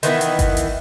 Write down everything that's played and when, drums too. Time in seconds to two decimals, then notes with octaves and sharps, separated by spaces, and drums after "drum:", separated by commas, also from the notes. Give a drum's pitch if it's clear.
0.03 D#3 E3 B3, drum: hi-hat
0.21 drum: hi-hat
0.39 drum: kick G1, hi-hat
0.57 drum: hi-hat